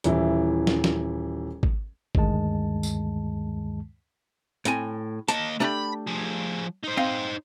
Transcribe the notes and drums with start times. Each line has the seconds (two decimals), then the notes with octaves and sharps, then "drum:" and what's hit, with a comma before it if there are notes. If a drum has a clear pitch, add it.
0.04 D#1 E3 E4, drum: hi-hat
0.67 drum: snare
0.84 drum: snare
1.63 drum: kick G#1
2.15 D2 G2 D#3 G#3 A5, drum: kick G#1
2.83 drum: tambourine
4.65 A2 C4 G#5, drum: hi-hat
5.28 A#3 D#5 A5, drum: hi-hat
5.60 A3 D4 G4 A#5 B5
6.07 F3 G#4
6.83 D#4 C5
6.97 C4 F5